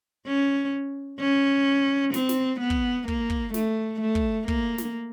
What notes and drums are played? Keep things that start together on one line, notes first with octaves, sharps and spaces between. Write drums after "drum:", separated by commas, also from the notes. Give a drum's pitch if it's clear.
C#4
C#4
C4, drum: snare
drum: snare
B3
drum: kick
A#3, drum: kick
drum: kick
A3, drum: snare
A3
drum: kick
A#3, drum: kick
drum: snare